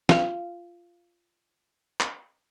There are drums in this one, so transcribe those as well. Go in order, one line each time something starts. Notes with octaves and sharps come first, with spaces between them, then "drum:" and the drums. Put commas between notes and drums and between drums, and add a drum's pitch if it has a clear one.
F4 F5, drum: snare
drum: clap